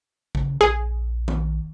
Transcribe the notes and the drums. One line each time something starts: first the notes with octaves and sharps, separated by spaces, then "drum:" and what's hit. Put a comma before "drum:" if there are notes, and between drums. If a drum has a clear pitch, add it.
C#3, drum: kick A1
A#1 G#4
drum: tom D#3